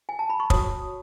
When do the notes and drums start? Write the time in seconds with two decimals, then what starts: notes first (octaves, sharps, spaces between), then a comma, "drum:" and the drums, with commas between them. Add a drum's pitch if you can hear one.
0.09 G#5
0.19 A5
0.30 B5
0.40 C#6
0.50 F#4 C#5 D#6, drum: kick